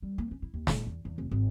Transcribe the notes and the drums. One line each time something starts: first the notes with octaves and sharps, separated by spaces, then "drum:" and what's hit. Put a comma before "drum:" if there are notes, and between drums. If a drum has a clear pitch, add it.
G3
A#3
C#4
E4
D#2
A#2, drum: snare
E2
E2
F1
G#1